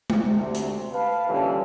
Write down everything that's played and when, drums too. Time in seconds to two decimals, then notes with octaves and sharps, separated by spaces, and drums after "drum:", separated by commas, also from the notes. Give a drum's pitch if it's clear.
0.10 drum: tom G#3
0.24 D2 C3
0.55 drum: hi-hat
0.93 B4 F5 A5
1.28 A#2 D3 E3 G3 C#4